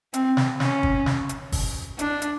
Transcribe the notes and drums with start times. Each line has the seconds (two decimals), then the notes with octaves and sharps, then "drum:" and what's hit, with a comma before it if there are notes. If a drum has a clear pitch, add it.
0.14 C4, drum: hi-hat
0.37 drum: snare
0.60 C#4, drum: snare
0.83 drum: kick
1.06 drum: snare
1.29 drum: hi-hat
1.52 drum: kick, open hi-hat
1.99 D4, drum: hi-hat
2.22 drum: hi-hat